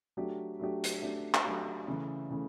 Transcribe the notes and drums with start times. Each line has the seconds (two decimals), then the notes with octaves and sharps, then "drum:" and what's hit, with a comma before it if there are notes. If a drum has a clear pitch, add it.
0.17 F#3 A3 D4 G4
0.59 F#3 A3 D4 G4
0.84 drum: hi-hat
1.02 F#3 A3 D4 G4
1.34 drum: clap
1.44 F#3 A3 D4 G4
1.88 C#3 E3 A3
2.31 C#3 E3 A3